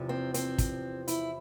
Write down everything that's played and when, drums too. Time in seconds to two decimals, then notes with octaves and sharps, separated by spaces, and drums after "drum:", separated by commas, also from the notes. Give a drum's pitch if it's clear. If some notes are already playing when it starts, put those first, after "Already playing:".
Already playing: E2 C3 F3
0.09 C4
0.34 C4, drum: hi-hat
0.58 drum: kick, hi-hat
1.08 E4, drum: hi-hat